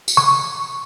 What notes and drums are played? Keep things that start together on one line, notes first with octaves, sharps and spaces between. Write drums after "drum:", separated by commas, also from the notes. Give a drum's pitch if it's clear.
drum: tambourine
C#6